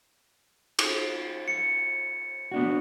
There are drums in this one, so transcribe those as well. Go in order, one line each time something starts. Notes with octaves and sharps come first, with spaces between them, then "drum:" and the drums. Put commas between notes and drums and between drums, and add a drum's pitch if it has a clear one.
drum: cymbal
C#7
B3 D4 F#4